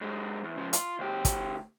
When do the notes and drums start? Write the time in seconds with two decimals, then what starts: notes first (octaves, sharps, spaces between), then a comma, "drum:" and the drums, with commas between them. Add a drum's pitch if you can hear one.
0.01 F#2 G#3
0.44 E2
0.56 C#3 F3
0.73 F4, drum: hi-hat
0.99 D2 G4
1.25 drum: kick, hi-hat